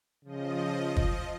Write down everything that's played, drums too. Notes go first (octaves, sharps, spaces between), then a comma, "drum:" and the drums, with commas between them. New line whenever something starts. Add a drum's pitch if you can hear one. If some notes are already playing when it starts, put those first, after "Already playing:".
C#3 F3 D#5
drum: kick